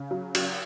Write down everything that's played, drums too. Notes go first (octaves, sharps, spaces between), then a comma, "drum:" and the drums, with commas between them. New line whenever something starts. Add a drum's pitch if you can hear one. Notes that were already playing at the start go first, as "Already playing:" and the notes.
Already playing: C#3
F#3
F#3, drum: cymbal